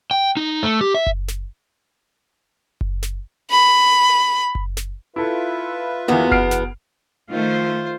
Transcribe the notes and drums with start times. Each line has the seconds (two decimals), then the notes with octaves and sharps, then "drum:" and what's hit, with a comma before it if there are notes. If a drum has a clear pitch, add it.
0.11 G5
0.37 D#4
0.63 A3
0.81 G4
0.95 E5
1.07 drum: kick F#1
1.28 drum: snare
2.81 drum: kick F#1
3.03 drum: snare
3.51 B5
4.55 drum: kick F#1
4.77 drum: snare
5.16 E4 F4 A4 B4 E5
6.08 E2 E3 A#3 B3 F#4
6.31 F6 C7 D7, drum: kick F#1
6.51 drum: snare
7.29 D#3 F3 A3 F4 C5